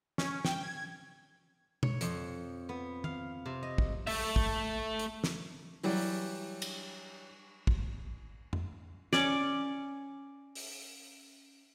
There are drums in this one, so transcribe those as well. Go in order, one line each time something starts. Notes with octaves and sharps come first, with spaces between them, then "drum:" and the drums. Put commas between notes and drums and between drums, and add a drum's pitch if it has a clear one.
C#4, drum: snare
G5, drum: snare
G#6
C#5, drum: tom B2
F2, drum: hi-hat
B3
F5, drum: tom D#3
C3
D#5
drum: kick
A3 E5, drum: open hi-hat
drum: kick
drum: hi-hat
drum: snare
E3 F#3 G3, drum: open hi-hat
drum: cymbal
drum: kick
drum: tom
C#4 D5, drum: snare
drum: open hi-hat